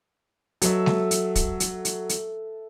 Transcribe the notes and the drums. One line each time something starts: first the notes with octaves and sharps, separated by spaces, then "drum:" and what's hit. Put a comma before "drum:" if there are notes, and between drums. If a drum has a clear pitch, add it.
F#3 A4 E5, drum: hi-hat
drum: snare G#3
drum: hi-hat
drum: kick, hi-hat
drum: hi-hat
drum: hi-hat
drum: hi-hat